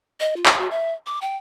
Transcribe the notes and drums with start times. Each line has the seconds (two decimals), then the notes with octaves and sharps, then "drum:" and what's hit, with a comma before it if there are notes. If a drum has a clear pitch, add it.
0.20 D#5
0.36 F4
0.46 drum: clap
0.58 F#4
0.71 E5
1.07 D6
1.22 G5